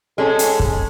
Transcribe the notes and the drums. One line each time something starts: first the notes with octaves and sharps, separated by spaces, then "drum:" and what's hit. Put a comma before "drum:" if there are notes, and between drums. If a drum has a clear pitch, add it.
G#3 C#4 A4
drum: hi-hat
drum: kick